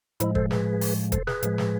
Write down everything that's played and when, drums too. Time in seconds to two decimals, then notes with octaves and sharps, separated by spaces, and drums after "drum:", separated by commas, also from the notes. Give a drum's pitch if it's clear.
0.20 A2 F3 G#3 E4, drum: hi-hat
0.35 A4 C5, drum: kick
0.51 G#4 B4, drum: snare
0.81 drum: open hi-hat
1.12 A4 C5, drum: kick, hi-hat
1.27 G#4 B4, drum: snare
1.43 A2 F3 G#3, drum: hi-hat
1.58 drum: snare